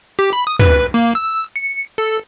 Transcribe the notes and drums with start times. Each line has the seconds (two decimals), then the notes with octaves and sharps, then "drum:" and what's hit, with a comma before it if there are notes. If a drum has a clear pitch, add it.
0.19 G4
0.33 B5
0.47 D#6
0.59 B4, drum: tom
0.94 A#3
1.15 E6
1.56 C#7
1.98 A4